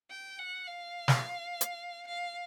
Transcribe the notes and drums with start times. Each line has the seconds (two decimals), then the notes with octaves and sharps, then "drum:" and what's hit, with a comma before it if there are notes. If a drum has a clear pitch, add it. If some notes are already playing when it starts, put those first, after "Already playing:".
0.10 G5
0.39 F#5
0.67 F5
1.08 drum: snare
1.61 drum: hi-hat
2.08 F5